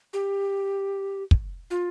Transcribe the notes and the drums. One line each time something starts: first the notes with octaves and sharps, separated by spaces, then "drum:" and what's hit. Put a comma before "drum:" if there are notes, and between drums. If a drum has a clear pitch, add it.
G4
drum: kick
F4